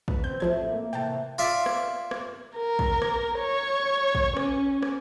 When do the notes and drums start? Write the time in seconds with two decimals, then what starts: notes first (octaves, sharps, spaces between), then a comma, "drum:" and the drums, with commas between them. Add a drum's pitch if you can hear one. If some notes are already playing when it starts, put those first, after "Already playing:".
0.08 B4, drum: kick
0.24 C4 G6
0.40 A2 F3 A3 E4 G#6
0.70 A#3
0.93 A2 C3 E3 G5 A5
1.38 F4 D5 E5
1.66 drum: rim click
2.11 drum: rim click
2.57 A#4
2.79 drum: kick
3.02 drum: rim click
3.39 C#5
4.15 drum: kick
4.37 C#4, drum: rim click
4.82 drum: rim click